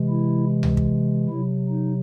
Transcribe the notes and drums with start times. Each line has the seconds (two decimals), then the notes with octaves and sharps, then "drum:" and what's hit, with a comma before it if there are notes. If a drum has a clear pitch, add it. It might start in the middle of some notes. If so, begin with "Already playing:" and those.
Already playing: C3 E3 G#3
0.10 E4
0.63 drum: tom C#2
0.77 drum: kick
1.30 C3 F#3 E4
1.69 D#4